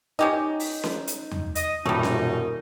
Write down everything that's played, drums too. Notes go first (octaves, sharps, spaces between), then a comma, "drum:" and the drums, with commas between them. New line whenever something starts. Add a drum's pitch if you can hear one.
C#4 D#4 G4 D#5
drum: open hi-hat
drum: snare C#4
drum: hi-hat
drum: tom E2
D#5, drum: hi-hat
D#1 F#2 B2 G3 A3 D#4
drum: snare C#4